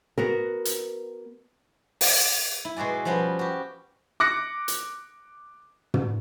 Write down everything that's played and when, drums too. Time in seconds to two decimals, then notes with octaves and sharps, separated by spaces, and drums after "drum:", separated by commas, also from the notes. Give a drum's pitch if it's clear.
0.18 B3 F#4 A#4
0.65 drum: hi-hat
2.01 drum: open hi-hat
2.65 E4
2.76 B2 G#3 F#4 D5 G#5
3.05 F3 G3 B3 C#4 F#4
3.39 F#4 G4
4.20 D6 F#6 A#6 C#7
4.68 drum: hi-hat
5.94 drum: tom